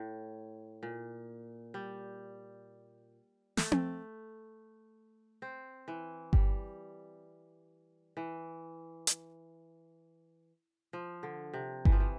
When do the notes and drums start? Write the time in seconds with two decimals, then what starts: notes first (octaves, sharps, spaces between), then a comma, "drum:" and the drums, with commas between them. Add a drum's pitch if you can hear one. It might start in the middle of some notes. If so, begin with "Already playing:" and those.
Already playing: A2
0.83 A#2
1.74 G3
3.57 A3, drum: snare
3.72 drum: tom C4
5.42 C4
5.88 E3
6.33 G3, drum: kick G1
8.17 E3
9.07 drum: hi-hat
10.93 F3
11.23 D3
11.53 C3
11.85 E3, drum: kick G1
11.92 F3
12.00 E3